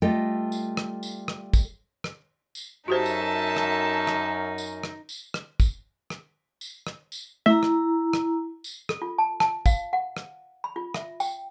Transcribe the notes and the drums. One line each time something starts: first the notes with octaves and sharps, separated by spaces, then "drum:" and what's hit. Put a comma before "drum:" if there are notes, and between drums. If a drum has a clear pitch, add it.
G3 A3 F4 A4 D#5 G5
drum: tambourine
drum: rim click
drum: tambourine
drum: rim click
drum: kick, tambourine
drum: rim click
drum: tambourine
F#2 D#4 F#4 G4 A4 C5 E5 A5
drum: tambourine
drum: rim click
drum: rim click
drum: tambourine
drum: rim click
drum: tambourine
drum: rim click
drum: kick, tambourine
drum: rim click
drum: tambourine
drum: rim click
drum: tambourine
A3 E4 E5 A#5
drum: rim click
drum: rim click
drum: tambourine
A4, drum: rim click
F4
A5
A5, drum: rim click
F5, drum: kick, tambourine
F#5
drum: rim click
B5
F4
E5, drum: rim click
G5, drum: tambourine